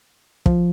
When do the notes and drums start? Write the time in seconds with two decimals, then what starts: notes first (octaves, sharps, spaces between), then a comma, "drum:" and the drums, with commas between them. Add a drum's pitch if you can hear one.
0.46 F3, drum: kick